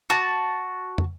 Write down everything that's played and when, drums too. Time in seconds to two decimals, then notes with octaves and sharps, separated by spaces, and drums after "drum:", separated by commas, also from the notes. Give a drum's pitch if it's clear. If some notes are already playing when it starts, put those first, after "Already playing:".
0.10 F#4 A5
0.98 drum: tom